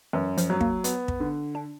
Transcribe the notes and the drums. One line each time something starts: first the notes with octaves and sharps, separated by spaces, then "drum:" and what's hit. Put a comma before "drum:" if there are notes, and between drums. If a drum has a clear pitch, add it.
F#2 E3
F3, drum: hi-hat
F#3
A#3, drum: kick
B3, drum: hi-hat
drum: kick
D3
D4